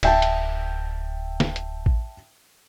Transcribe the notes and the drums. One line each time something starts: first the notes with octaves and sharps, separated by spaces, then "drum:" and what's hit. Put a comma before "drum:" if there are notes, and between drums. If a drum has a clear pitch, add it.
D1 E5 G5 A5, drum: cymbal
drum: hi-hat
drum: snare
drum: hi-hat
drum: kick A1